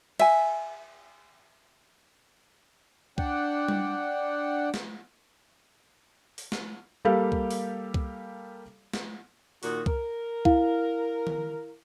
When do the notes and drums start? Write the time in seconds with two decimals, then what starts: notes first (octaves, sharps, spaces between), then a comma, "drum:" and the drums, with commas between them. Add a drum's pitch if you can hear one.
0.19 E5 G#5, drum: cymbal
3.18 D4 D5 F#5 G5, drum: kick C2
3.69 drum: tom G3
4.74 drum: snare
6.38 drum: open hi-hat
6.52 drum: snare
7.05 G3 A#3 G4 A4 F5
7.32 drum: kick C2
7.51 drum: open hi-hat
7.94 drum: kick C2
8.93 drum: snare
9.63 A#2 D#3 F#4, drum: open hi-hat
9.86 A#4, drum: kick C2
10.45 E4 F5, drum: kick C2
11.27 drum: tom D#3